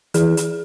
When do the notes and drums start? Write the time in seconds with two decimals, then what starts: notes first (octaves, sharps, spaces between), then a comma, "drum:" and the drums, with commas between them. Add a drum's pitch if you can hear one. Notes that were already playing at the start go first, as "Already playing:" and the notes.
0.14 E3 G#4, drum: hi-hat
0.37 drum: hi-hat